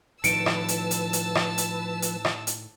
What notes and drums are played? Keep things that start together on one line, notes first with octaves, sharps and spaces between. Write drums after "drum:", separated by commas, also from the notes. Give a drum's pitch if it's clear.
A2 D#3 F3 B4 A5 E6 C#7 D7, drum: hi-hat
drum: rim click
drum: hi-hat
drum: hi-hat
drum: hi-hat
drum: rim click
drum: hi-hat
drum: hi-hat
drum: rim click
drum: hi-hat